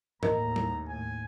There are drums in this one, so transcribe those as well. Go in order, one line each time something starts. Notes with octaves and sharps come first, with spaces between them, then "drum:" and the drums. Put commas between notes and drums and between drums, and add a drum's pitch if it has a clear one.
D#2 A2 A#4 D#5 A#5, drum: tom G2
drum: tom
G#5